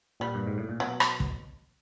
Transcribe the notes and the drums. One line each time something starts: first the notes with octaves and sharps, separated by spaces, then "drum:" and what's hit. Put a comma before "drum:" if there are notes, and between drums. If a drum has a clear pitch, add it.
A#2 G3
G2
G#2
A2
A#2
B2 F#3
drum: rim click
drum: kick